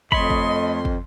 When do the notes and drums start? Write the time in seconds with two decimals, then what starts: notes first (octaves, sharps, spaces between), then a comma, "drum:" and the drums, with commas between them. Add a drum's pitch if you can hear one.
0.12 F2 A3 C#5 D#5 B5 C6, drum: kick
0.30 drum: kick
0.85 drum: kick